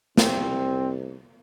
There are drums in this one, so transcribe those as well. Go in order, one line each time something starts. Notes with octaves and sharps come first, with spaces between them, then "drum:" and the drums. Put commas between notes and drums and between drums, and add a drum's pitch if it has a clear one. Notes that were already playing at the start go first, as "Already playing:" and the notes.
C2 C4, drum: snare